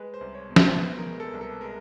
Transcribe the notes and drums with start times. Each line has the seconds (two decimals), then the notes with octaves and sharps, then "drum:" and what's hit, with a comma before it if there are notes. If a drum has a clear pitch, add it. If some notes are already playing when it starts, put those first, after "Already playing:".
Already playing: G#3 B4
0.14 C5
0.21 C2
0.35 C#5
0.49 B2
0.56 C5, drum: snare
0.77 B3 B4
0.98 A#4
1.05 G#3
1.20 A4
1.33 C2
1.41 A4
1.61 G#3 A#4